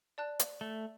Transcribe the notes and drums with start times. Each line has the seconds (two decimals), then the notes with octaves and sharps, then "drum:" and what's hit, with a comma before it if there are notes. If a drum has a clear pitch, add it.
0.18 D5 A5 F#6
0.39 drum: hi-hat
0.61 A3